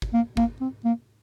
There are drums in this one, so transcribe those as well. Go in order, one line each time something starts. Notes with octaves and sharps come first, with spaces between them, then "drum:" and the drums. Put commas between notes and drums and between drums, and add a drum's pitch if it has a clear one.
drum: kick
A#3
A#3, drum: kick
C4
A#3